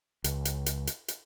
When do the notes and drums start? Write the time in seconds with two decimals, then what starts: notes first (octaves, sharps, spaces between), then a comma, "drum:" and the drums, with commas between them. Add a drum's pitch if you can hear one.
0.24 C#2, drum: hi-hat
0.45 drum: hi-hat
0.66 drum: hi-hat
0.87 drum: hi-hat
1.08 drum: hi-hat